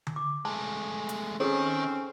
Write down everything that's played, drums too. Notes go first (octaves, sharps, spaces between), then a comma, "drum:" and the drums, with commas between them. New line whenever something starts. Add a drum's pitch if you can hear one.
drum: tom D3
D6
G#3 A3 A5
drum: hi-hat
D#3 C4 C#4 G#4 A4 C#5